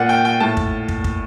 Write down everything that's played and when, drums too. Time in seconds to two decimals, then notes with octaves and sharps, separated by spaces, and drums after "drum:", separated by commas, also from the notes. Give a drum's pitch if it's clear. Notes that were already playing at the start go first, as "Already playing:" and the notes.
Already playing: A#2 F#5
0.09 G5
0.25 G5
0.40 A2 A5
0.57 drum: kick
0.88 drum: kick
1.04 drum: kick